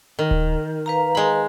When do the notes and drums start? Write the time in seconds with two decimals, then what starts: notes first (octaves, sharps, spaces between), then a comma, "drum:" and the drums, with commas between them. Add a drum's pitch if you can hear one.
0.19 D#3
0.31 drum: kick D1
0.86 B4 F5 A#5
1.15 G#3 B5